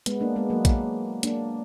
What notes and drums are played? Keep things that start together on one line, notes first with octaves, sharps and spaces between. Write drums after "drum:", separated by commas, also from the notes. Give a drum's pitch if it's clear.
G#3 B3, drum: hi-hat
A#3 D4
G#3 B3
F#3 A#3
drum: kick A#1, hi-hat
A#3 D4, drum: hi-hat